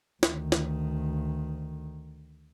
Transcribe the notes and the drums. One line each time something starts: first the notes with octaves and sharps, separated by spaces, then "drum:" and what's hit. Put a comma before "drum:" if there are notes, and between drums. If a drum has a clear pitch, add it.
D2 D#3, drum: snare
drum: snare